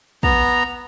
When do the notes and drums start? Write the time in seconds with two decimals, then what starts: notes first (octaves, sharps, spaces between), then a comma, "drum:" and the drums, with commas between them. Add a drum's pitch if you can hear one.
0.23 B3 A#5, drum: kick